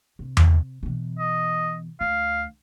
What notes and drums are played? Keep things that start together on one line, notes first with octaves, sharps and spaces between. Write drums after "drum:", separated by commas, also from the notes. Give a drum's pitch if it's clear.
C3
drum: tom E2
B2 E3
D#5
D2 F5